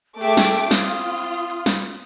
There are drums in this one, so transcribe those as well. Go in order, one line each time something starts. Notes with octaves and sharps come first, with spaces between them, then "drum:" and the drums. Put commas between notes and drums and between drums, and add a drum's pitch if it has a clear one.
A3 G#4 E5 G5 D6, drum: hi-hat
drum: snare
drum: hi-hat
C4 F4 D#6, drum: snare
drum: hi-hat
drum: hi-hat
drum: hi-hat
drum: hi-hat
drum: snare
drum: hi-hat